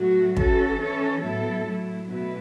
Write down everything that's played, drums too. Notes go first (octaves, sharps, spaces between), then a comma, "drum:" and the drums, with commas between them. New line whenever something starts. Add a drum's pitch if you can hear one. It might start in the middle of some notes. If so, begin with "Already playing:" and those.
Already playing: A2 F#3 A3 F#4
E3 C#4 F#4 A4, drum: kick
E3 C#4 A4 C#5
A2 F#3 B3 E4 A4
F#3 A3 E4
B2 A3 E4 B4